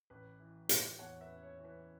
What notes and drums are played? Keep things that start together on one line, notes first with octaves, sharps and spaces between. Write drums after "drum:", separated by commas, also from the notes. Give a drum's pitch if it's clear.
A1 B4
E3
A2, drum: hi-hat
E2 C#5 F#5
B4 E5
C#4
C#5
E3
B4